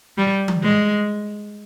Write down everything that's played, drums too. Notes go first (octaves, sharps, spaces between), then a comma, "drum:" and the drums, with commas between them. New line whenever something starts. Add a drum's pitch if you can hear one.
G3
drum: tom E3
G#3